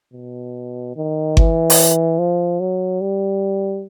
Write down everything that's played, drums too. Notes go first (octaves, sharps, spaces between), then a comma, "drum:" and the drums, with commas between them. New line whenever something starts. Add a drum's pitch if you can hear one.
B2
D#3
E3, drum: kick G1
drum: open hi-hat
F3
F#3
G3